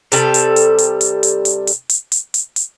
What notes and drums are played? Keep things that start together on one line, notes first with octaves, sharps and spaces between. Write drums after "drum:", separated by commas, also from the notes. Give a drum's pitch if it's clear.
C3 G3 A4, drum: hi-hat
drum: hi-hat
drum: hi-hat
drum: hi-hat
drum: hi-hat
drum: hi-hat
drum: hi-hat
drum: hi-hat
drum: hi-hat
drum: hi-hat
drum: hi-hat
drum: hi-hat